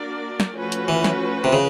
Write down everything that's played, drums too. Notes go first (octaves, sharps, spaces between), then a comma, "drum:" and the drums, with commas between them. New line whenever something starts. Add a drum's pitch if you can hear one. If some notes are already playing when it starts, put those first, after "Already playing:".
Already playing: A#3 D4 F#4 A#4 D5
drum: snare
F3 A3 C#4 F#4 B4
drum: hi-hat
E3
drum: snare
C3
C#3